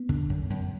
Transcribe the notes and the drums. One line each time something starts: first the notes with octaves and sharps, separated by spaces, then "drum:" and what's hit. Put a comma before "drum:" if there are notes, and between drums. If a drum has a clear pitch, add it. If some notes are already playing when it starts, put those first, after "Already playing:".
Already playing: B3
D3, drum: kick
F#2
F#2